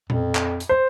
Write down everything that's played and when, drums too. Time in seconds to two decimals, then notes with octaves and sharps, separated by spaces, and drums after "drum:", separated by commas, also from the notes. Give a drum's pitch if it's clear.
0.10 F2, drum: tom A#2
0.35 drum: clap
0.60 drum: hi-hat
0.69 C5